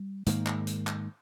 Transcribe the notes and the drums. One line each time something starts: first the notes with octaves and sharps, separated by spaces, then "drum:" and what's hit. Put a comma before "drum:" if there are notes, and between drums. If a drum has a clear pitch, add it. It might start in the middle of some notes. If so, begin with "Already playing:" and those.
Already playing: G3
G#2 D#3 A#3, drum: hi-hat
drum: clap
drum: hi-hat
drum: clap